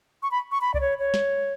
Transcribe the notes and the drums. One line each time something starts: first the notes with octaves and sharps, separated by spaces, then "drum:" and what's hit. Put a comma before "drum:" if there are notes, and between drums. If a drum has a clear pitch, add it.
C#6
B5
C#6
B5
D5, drum: kick C2
C#5
C#5
drum: snare